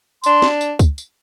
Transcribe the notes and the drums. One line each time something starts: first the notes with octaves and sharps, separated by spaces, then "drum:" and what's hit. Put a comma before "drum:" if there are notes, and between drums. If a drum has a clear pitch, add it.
D4 C6, drum: tambourine
drum: snare
drum: tambourine
drum: kick C#2, tambourine
drum: tambourine